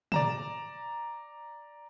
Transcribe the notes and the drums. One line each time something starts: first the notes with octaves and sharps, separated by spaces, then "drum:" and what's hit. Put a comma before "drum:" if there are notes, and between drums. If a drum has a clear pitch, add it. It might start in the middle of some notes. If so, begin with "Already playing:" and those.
D5 A#5 E7, drum: tom